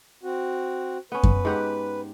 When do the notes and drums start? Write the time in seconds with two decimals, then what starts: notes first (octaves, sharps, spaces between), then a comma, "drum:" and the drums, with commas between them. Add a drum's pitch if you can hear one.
0.23 C4 F#4
1.12 B3 C#4 B4
1.23 drum: kick F#2
1.45 G#2 G4 F#5